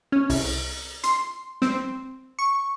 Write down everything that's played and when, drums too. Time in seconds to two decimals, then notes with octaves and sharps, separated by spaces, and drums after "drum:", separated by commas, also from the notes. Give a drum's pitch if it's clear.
0.12 C#4
0.30 C2, drum: open hi-hat
1.04 C6, drum: hi-hat
1.62 C4, drum: snare
2.39 C#6